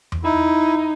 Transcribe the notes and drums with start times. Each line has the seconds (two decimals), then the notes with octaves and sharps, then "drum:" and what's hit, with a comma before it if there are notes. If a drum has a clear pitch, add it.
0.12 drum: tom E2
0.24 D#4 E4